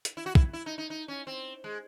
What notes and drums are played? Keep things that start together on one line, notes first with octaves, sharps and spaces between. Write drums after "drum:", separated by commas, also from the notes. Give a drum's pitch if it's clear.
drum: hi-hat
E4
F#4
E4, drum: kick
E4
D#4
D#4
D#4
C#4
C4
G#3